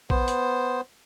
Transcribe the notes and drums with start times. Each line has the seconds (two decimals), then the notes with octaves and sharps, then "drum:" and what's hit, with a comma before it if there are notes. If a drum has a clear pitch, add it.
0.10 B3 C5, drum: kick A#1
0.28 drum: hi-hat